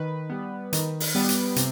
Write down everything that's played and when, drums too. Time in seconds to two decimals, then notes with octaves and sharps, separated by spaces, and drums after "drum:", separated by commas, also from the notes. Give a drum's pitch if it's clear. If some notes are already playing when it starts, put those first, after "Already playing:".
Already playing: D#3 B4
0.30 G3 B3
0.73 D#3, drum: hi-hat
1.00 drum: open hi-hat
1.15 G3 B3
1.29 drum: hi-hat
1.56 C3, drum: hi-hat